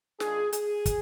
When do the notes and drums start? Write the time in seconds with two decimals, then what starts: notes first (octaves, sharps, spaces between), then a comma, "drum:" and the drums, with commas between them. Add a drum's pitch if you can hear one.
0.20 D#3 G#3 D4 F4 G#4, drum: snare
0.53 G#4, drum: hi-hat
0.86 drum: kick, hi-hat